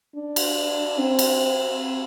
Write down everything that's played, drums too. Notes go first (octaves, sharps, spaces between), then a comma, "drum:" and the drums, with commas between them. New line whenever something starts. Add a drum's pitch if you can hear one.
D4
drum: cymbal
C4
drum: cymbal